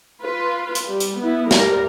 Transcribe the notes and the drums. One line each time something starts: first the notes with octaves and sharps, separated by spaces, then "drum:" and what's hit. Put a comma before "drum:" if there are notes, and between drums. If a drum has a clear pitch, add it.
F4 B4
drum: hi-hat
G3
drum: hi-hat
B3 E4
G3 A#4, drum: snare